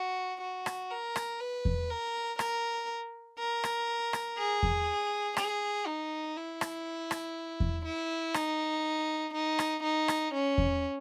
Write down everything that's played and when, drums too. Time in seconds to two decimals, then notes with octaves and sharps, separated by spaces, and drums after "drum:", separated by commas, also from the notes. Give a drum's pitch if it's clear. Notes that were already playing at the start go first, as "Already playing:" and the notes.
Already playing: F#4
0.41 F#4
0.66 drum: rim click
0.91 A#4
1.16 drum: rim click
1.41 B4
1.65 drum: kick E2
1.91 A#4
2.39 A#4, drum: rim click
3.39 A#4
3.64 drum: rim click
4.13 drum: rim click
4.38 G#4
4.63 drum: kick E2
5.37 G#4, drum: rim click
5.86 D#4
6.36 E4
6.61 drum: rim click
7.11 drum: rim click
7.60 drum: kick E2
7.85 E4
8.34 D#4, drum: rim click
9.33 D#4
9.59 drum: rim click
9.83 D#4
10.08 drum: rim click
10.33 C#4
10.58 drum: kick E2